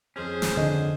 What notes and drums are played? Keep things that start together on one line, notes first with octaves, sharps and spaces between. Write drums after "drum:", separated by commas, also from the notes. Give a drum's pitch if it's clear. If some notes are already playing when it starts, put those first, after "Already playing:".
F2 C#4 G#4 C5
drum: snare
D3 D4 D#5